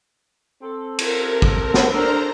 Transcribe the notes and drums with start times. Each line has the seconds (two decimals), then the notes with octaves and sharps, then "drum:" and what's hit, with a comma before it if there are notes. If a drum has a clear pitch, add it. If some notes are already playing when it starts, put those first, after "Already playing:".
0.62 C4 A4
0.99 A#4, drum: cymbal
1.42 drum: kick
1.74 drum: snare
1.90 D4 A4 A#4 C5 A#5